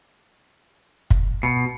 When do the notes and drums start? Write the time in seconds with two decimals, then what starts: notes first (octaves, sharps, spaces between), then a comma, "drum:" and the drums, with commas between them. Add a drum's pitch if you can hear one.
1.10 drum: kick
1.43 B2